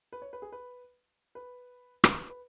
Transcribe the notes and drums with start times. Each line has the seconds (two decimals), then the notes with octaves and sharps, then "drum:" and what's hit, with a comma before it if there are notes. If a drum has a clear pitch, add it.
0.12 B4
0.22 C#5
0.33 B4
0.42 G#4
0.52 B4
1.35 B4
2.04 drum: rim click
2.17 B4
2.30 B4